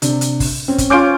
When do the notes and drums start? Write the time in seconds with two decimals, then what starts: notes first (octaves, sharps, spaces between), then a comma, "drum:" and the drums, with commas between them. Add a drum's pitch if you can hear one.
0.02 C3 D4, drum: hi-hat
0.21 drum: hi-hat
0.40 drum: kick, open hi-hat
0.68 C4 C#4
0.78 drum: kick, hi-hat
0.90 C#4 F4 D6 G6 D7